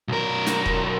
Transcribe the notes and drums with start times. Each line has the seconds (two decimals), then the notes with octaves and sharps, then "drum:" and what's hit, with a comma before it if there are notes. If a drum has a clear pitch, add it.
0.08 B1 A#4
0.46 drum: snare
0.66 drum: kick